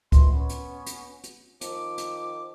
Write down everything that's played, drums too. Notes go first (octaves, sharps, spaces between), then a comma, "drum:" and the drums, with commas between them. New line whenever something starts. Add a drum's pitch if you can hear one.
D#3 E3 F4 C6, drum: kick C#2, hi-hat
B3 C#4
drum: hi-hat
drum: hi-hat
drum: hi-hat
D#3 F3 D6, drum: hi-hat
drum: hi-hat